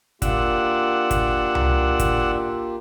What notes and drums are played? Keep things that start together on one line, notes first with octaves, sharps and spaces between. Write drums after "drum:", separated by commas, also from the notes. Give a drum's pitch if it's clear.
A#3 D4 F4 G4 F#5 E6, drum: kick, hi-hat
drum: kick, hi-hat
drum: tom C2
drum: kick, hi-hat